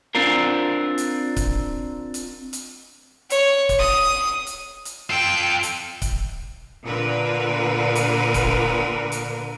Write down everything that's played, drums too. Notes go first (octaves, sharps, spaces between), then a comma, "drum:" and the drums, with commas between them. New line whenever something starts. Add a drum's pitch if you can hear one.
C4 D4 F4 A#4
drum: hi-hat
drum: kick C#1, hi-hat
drum: hi-hat
drum: hi-hat
C#5, drum: hi-hat
drum: kick C#1, hi-hat
D#6
drum: hi-hat
drum: hi-hat
F4 A4 G5
drum: hi-hat
drum: kick C#1, hi-hat
A#2 D3 A#4 B4
drum: hi-hat
drum: kick C#1, hi-hat
drum: hi-hat